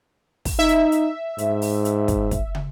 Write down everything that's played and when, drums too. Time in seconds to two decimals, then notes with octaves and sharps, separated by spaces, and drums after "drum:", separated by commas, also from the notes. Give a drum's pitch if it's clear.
0.45 drum: kick, open hi-hat
0.59 D#4 E5
0.69 drum: hi-hat
0.92 drum: hi-hat
1.38 G#2, drum: hi-hat
1.62 drum: open hi-hat
1.85 drum: hi-hat
2.08 drum: kick, hi-hat
2.31 drum: kick, hi-hat
2.55 drum: tom